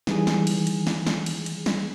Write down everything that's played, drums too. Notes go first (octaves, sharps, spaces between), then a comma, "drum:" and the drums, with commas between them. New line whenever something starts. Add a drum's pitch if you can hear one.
D#3 E3 G3 G#4, drum: snare
drum: snare
drum: cymbal
drum: cymbal
drum: snare
drum: snare
drum: cymbal
drum: cymbal
drum: snare